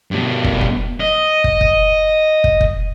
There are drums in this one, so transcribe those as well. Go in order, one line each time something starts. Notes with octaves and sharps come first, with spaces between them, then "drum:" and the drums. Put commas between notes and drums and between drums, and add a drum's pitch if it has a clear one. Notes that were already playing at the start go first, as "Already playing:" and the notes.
G2 B2
drum: kick
drum: kick
D#5
drum: kick
drum: kick
drum: kick
drum: kick